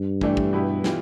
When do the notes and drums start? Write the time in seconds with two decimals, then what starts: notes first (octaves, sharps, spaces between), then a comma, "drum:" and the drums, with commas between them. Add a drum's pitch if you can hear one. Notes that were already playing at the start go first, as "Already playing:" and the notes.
Already playing: G2
0.21 E3 A3 D4 G4, drum: kick
0.37 drum: kick
0.53 B2 B3 E4 G4
0.84 E3 G3 B3 F4, drum: snare